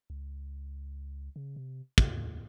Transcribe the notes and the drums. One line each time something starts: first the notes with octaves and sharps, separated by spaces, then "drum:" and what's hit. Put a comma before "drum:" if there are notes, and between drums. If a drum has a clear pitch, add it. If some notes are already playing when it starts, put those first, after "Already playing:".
C#2
C#3
C3
D#2, drum: kick